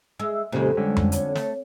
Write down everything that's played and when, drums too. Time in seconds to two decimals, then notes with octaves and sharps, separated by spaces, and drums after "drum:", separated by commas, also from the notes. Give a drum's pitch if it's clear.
0.20 G#3 E5 E6
0.52 F2 A#2 C#3 G#3 G4 C5
0.77 D3 G3 G#3 C#4
0.97 drum: tom F2
1.12 C#5, drum: hi-hat
1.35 A3, drum: snare